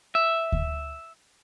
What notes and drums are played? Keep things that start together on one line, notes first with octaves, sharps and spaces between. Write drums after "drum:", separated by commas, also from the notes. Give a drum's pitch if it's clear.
E5
drum: kick D2